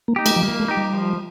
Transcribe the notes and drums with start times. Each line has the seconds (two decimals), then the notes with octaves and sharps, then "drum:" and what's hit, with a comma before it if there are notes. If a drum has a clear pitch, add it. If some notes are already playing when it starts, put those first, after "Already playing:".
0.08 A#3
0.16 D#4 G4
0.26 A3, drum: cymbal
0.36 F3
0.43 G3 A#3
0.60 A3
0.68 D#4 G4
0.77 G3
0.93 F3